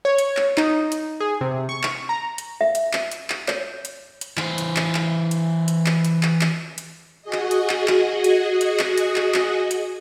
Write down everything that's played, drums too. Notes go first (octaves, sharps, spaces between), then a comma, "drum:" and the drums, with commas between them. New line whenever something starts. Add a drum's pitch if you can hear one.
C#5
drum: hi-hat
drum: clap
D#4, drum: clap
drum: hi-hat
G#4
C3
C#6
drum: clap
A#5
drum: hi-hat
E5
drum: hi-hat
drum: clap
drum: hi-hat
drum: clap
C#5, drum: clap
drum: hi-hat
drum: hi-hat
E3 C5, drum: clap
drum: hi-hat
drum: clap
drum: clap
drum: hi-hat
drum: hi-hat
drum: clap
drum: hi-hat
drum: clap
drum: clap
drum: hi-hat
F#4 G#4 D#5
drum: clap
drum: hi-hat
drum: clap
drum: clap
drum: hi-hat
drum: hi-hat
drum: clap
drum: hi-hat
drum: clap
drum: clap
drum: hi-hat